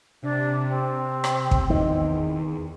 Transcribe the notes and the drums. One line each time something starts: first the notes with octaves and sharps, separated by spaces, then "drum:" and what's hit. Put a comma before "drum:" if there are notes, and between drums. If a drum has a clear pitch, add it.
C3 D4
C4
drum: rim click
drum: kick
E2 D#3